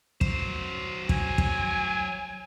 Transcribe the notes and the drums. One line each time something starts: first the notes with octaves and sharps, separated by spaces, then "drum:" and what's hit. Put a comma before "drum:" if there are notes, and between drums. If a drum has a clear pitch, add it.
F#3 C5, drum: kick
G#5, drum: kick
drum: kick